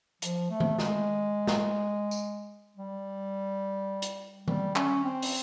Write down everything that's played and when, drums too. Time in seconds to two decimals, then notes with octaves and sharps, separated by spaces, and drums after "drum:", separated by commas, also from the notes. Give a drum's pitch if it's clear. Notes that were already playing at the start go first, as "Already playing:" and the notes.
0.22 F3, drum: hi-hat
0.50 A3
0.60 drum: tom D#3
0.79 G#3, drum: snare
1.47 drum: snare
2.11 drum: tambourine
2.77 G3
4.02 drum: hi-hat
4.48 G3, drum: tom D#3
4.76 C#4, drum: clap
5.04 C4
5.22 drum: open hi-hat